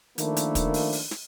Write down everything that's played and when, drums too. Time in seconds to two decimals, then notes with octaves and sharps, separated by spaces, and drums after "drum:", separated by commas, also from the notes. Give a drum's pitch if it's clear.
0.18 D#3 F3 A3 A#3 D4 E4, drum: hi-hat
0.36 drum: hi-hat
0.55 drum: kick, hi-hat
0.74 drum: open hi-hat
0.93 drum: open hi-hat
1.11 drum: snare